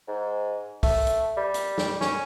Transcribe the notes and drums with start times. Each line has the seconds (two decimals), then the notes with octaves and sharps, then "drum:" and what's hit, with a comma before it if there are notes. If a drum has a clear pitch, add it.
0.08 G#2
0.83 A3, drum: kick, open hi-hat
1.07 drum: hi-hat
1.37 G3
1.54 drum: hi-hat
1.78 drum: snare
2.01 C#4, drum: snare